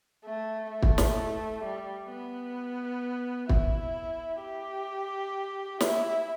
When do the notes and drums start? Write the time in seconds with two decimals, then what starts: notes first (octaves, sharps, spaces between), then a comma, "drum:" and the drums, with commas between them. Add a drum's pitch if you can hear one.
0.24 A3
0.71 A3
0.82 drum: kick
0.98 drum: snare
1.64 G3
2.11 B3
3.49 E4, drum: kick
4.42 G4
5.80 E4, drum: snare